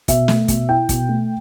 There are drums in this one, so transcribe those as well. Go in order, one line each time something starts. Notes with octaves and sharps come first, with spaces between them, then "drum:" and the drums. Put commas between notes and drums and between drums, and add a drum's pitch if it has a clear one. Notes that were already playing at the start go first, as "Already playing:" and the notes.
B2 E5, drum: kick, hi-hat
A3, drum: snare
B2, drum: kick, hi-hat
E4 G5
B2, drum: kick, hi-hat
A3